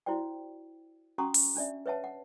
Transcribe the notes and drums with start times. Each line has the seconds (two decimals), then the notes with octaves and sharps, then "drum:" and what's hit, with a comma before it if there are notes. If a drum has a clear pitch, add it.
0.06 E4 F#4 C5 D5 G5
1.18 C#4 F#4 F#5 A#5 C#6 D#6
1.34 drum: open hi-hat
1.55 C#4 D4 D5 E5
1.86 B4 C#5 E5 F#5 A5
2.04 F#5